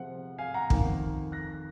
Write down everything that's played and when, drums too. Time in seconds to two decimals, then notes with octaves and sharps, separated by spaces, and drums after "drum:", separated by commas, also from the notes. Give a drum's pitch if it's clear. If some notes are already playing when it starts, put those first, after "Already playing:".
Already playing: C3 F3 G#3 C4 F#5
0.38 F5 G#5
0.54 F#5 A#5
0.70 F2 D#3 A#3, drum: kick
1.32 F#6 A#6